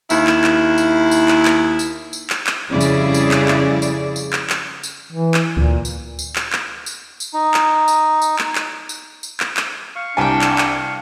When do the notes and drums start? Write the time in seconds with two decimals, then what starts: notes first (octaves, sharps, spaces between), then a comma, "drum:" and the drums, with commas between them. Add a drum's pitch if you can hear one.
0.10 D#2 E4, drum: tambourine
0.27 drum: clap
0.44 drum: clap
0.78 drum: tambourine
1.11 drum: tambourine
1.28 drum: clap
1.45 drum: clap
1.79 drum: tambourine
2.13 drum: tambourine
2.30 drum: clap
2.47 drum: clap
2.70 F2 C#3 G3 E4 G#4 D5
2.81 drum: tambourine
3.14 drum: tambourine
3.31 drum: clap
3.48 drum: clap
3.82 drum: tambourine
4.16 drum: tambourine
4.33 drum: clap
4.50 drum: clap
4.83 drum: tambourine
5.12 E3
5.34 drum: clap
5.57 D2 A#2
5.85 drum: tambourine
6.19 drum: tambourine
6.36 drum: clap
6.53 drum: clap
6.86 drum: tambourine
7.20 drum: tambourine
7.34 D#4
7.54 drum: clap
7.88 drum: tambourine
8.22 drum: tambourine
8.39 drum: clap
8.55 drum: clap
8.89 drum: tambourine
9.23 drum: tambourine
9.40 drum: clap
9.57 drum: clap
9.96 F5 C#6
10.17 C2 D4 G4 A#4 G5 G#5
10.41 drum: clap
10.58 drum: clap